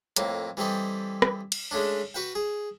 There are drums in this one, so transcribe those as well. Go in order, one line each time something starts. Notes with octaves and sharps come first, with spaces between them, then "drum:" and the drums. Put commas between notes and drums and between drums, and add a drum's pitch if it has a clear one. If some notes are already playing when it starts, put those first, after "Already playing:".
F2 A2 A#3, drum: hi-hat
E3 G3 C4 A4 D#5
drum: rim click
drum: cymbal
G#3 A3 C#4 D4
F#4 B4 F#5 G5
G#4